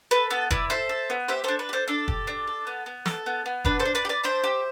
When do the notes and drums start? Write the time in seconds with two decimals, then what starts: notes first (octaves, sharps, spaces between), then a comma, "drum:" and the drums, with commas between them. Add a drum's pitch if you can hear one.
0.11 A4 B4
0.30 B3 A4
0.51 E4 B4 D5, drum: kick
0.70 A4 C5 E5
0.89 A4
1.10 B3
1.28 G4 C5 E5
1.44 D4 A4 C5
1.59 B4
1.69 G4
1.73 A4 C5
1.88 D4 A4
2.08 G4, drum: kick
2.27 D4
2.47 A4
2.67 B3
2.86 B3
3.06 A4, drum: snare
3.26 B3
3.46 B3
3.65 D4 B4, drum: kick
3.79 A4 C5
3.85 D4
3.95 B4 D5
4.05 G4
4.09 B4 D5
4.24 D4 C5 E5
4.44 G4